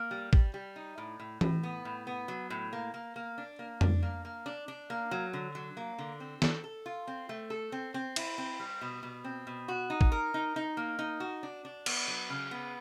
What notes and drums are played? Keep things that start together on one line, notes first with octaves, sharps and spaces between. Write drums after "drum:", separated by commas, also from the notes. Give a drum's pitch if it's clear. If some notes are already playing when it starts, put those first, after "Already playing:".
Already playing: A#3
G3
G3, drum: kick
G3
D#4
A2
A2
A2, drum: tom E3
B3
A2
B3
F#3
A2
A#3
A#3
A#3
D4
A#3
D4, drum: tom F2
A#3
A#3
D4
D4
A#3
F#3
D3
F#3
A#3
D3
C4
A4, drum: snare
A4
F4
C4
A3
A4
C4
C4
E4, drum: cymbal
C4
G3
B2
B2
C4
B2
F#4
D#4
drum: kick
A#4
D#4
D#4
A#3
D#4
F#4
D4
D4
B3, drum: cymbal
F#3
C#3
B3